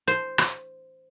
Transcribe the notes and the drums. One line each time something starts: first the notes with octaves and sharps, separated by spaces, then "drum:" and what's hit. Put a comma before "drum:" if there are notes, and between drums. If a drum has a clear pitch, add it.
C5
drum: rim click